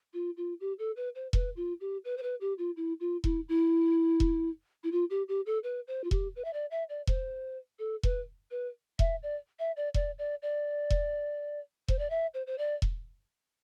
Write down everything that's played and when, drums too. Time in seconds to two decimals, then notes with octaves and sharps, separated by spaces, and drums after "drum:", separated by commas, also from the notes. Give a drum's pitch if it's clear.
0.13 F4
0.37 F4
0.60 G4
0.79 A4
0.96 B4
1.15 C5
1.33 B4, drum: kick E1
1.56 F4
1.81 G4
2.05 B4
2.17 C5
2.23 B4
2.41 G4
2.58 F4
2.77 E4
3.00 F4
3.24 E4, drum: kick E1
3.49 E4
4.20 drum: kick E1
4.84 E4
4.92 F4
5.10 G4
5.28 G4
5.46 A4
5.64 B4
5.88 C5
6.04 F4
6.11 G4, drum: kick E1
6.36 B4
6.45 E5
6.53 D5
6.71 E5
6.89 D5
7.07 C5, drum: kick E1
7.79 A4
8.03 B4, drum: kick E1
8.51 B4
8.99 E5, drum: kick E1
9.23 D5
9.59 E5
9.77 D5
9.94 D5, drum: kick E1
10.18 D5
10.42 D5
10.90 drum: kick E1
11.88 C5, drum: kick E1
11.99 D5
12.10 E5
12.34 C5
12.47 C5
12.58 D5
12.82 drum: kick E1